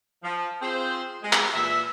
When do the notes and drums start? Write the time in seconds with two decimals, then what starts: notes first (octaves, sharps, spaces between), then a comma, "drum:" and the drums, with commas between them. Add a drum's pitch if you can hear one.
0.23 F3
0.62 C4 F4 G#4 C5
1.22 G#3
1.33 drum: clap
1.54 A#2 E3 E5